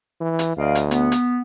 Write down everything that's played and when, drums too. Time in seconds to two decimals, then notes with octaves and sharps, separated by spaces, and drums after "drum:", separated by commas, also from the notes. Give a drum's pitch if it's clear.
0.21 E3
0.39 drum: hi-hat
0.57 D2 D5 D#5 F5
0.75 drum: hi-hat
0.91 B3, drum: hi-hat
1.12 drum: hi-hat